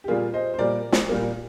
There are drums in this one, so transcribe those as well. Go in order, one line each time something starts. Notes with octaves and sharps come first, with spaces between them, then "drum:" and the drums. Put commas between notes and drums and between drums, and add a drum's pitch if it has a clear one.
G4
A#2 G3 A#3 F4 G#4
C5 D#5
C5
A#2 G3 A#3 A#4 D5
drum: snare
A#2 G3 A#3